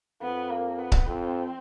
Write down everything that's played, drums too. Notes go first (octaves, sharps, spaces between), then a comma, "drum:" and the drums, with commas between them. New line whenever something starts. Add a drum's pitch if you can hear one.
F2 B3
A#3
B3
drum: kick C#1
F2 C4